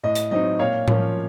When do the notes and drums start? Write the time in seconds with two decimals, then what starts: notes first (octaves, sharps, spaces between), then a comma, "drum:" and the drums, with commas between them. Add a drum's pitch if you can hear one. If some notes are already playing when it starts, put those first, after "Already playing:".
0.03 A2 D#5
0.15 drum: hi-hat
0.31 F#3 C4 D#4 D#5
0.59 A#2 C#5 F5
0.88 F3 A#3 C#4 F4, drum: tom A2